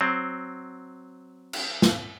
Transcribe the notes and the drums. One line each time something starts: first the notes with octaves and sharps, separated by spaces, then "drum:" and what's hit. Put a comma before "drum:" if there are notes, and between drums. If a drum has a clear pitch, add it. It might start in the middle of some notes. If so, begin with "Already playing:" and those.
F#3 C4
drum: cymbal
drum: snare